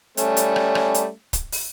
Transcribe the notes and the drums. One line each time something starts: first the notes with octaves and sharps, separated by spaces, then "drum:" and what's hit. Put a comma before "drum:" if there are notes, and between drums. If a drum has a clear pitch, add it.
G3 A3 C#4, drum: hi-hat
drum: hi-hat
drum: rim click
drum: rim click
drum: hi-hat
drum: kick, hi-hat
drum: open hi-hat